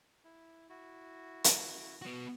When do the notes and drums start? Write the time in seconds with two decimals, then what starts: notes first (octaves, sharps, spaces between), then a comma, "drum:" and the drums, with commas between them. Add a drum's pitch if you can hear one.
0.25 E4
0.69 E4 F#4
1.44 drum: hi-hat
2.02 B3 F#4